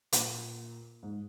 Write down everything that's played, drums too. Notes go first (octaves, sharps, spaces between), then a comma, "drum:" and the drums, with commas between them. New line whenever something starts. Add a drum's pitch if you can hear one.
A#2, drum: hi-hat
G#2